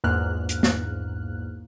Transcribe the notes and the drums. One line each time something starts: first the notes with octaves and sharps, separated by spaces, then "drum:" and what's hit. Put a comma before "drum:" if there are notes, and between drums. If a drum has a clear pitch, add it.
A#1 E2 G#2 A#3 F6 F#6
drum: hi-hat
drum: snare